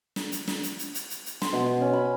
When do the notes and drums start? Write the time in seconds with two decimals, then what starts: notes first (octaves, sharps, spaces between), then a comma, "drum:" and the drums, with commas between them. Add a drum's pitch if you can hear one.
0.16 drum: snare
0.32 drum: hi-hat
0.47 drum: snare
0.63 drum: hi-hat
0.79 drum: hi-hat
0.95 drum: hi-hat
1.10 drum: hi-hat
1.26 drum: hi-hat
1.42 C6, drum: snare
1.53 B2
1.81 C#4
1.93 B5